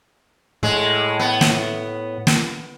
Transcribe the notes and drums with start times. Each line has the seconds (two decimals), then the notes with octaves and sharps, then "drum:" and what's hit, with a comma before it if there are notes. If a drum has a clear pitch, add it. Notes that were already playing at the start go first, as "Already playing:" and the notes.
0.63 A2 G#3
1.20 B3
1.41 drum: snare
2.27 drum: snare